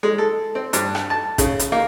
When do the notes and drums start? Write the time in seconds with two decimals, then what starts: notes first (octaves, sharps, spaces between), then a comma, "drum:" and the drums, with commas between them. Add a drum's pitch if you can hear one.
0.03 G#3
0.18 A4
0.55 C4
0.73 G2, drum: hi-hat
0.95 drum: rim click
1.10 A5
1.38 C#3, drum: kick, hi-hat
1.59 drum: hi-hat
1.72 A#3